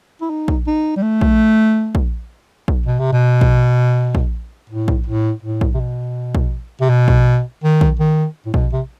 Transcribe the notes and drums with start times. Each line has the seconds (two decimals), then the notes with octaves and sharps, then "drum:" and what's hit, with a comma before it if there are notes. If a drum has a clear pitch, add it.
0.21 E4
0.30 D#4
0.48 drum: kick A#1
0.67 D#4
0.96 G3
1.02 A3
1.21 drum: kick A#1
1.95 drum: kick A#1
2.68 drum: kick A#1
2.86 B2
3.00 C3
3.12 B2
3.41 drum: kick A#1
4.15 drum: kick A#1
4.70 A2
4.88 drum: kick A#1
5.07 A2
5.42 A2
5.61 drum: kick A#1
5.74 C3
5.80 B2
6.35 drum: kick A#1
6.81 C3
6.89 B2
7.08 drum: kick A#1
7.63 D#3
7.81 drum: kick A#1
8.00 D#3
8.46 A2
8.54 B2, drum: kick A#1
8.73 C3